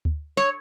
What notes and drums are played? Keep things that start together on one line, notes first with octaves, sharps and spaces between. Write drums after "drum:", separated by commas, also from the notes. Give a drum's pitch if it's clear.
drum: kick D2
C#5, drum: snare